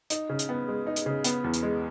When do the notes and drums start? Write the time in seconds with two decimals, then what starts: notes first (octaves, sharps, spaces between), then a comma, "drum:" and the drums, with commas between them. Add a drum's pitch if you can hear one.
0.10 D#4, drum: hi-hat
0.29 C#3
0.39 drum: hi-hat
0.49 B3
0.68 G#3
0.87 D#4
0.96 drum: hi-hat
1.06 C#3
1.24 B3, drum: hi-hat
1.44 E2
1.54 drum: hi-hat
1.63 G#3